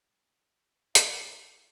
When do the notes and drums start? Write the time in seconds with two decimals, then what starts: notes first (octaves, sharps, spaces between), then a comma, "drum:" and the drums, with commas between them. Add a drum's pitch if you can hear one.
0.95 E4, drum: hi-hat